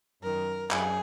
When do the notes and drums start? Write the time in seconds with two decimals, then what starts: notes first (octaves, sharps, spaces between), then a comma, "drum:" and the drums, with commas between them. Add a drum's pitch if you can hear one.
0.21 F#2 D#3 A#4
0.71 F#2 G#4, drum: clap